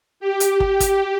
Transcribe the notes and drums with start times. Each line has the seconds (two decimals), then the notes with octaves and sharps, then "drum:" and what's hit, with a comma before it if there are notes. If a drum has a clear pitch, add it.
0.20 G4
0.40 drum: hi-hat
0.60 drum: kick
0.80 drum: kick, hi-hat